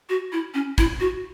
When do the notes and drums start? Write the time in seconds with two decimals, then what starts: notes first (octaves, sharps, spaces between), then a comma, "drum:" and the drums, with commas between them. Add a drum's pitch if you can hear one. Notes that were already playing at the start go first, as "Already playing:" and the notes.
0.09 F#4
0.32 E4
0.54 C#4
0.78 E4, drum: kick, hi-hat
1.00 F#4